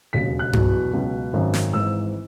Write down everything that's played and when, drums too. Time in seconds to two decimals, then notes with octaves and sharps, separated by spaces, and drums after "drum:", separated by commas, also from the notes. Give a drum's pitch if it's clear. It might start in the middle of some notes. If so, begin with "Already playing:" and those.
0.13 E1 D#2 C#3 F#3 B6
0.39 F#6
0.53 E2 B2 F#3, drum: tom G2
0.93 C#2 B2 F#3
1.33 G#1 F#2 D#3 F#3
1.54 drum: snare
1.73 G#1 G#2 E3 E6